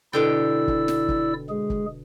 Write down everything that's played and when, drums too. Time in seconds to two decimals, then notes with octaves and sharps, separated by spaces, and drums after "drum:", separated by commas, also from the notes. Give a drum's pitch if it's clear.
0.13 B2 D3 E4 D5 G5 E6
0.68 drum: kick
0.88 drum: snare
1.08 drum: kick
1.49 G#3 G#4
1.70 drum: kick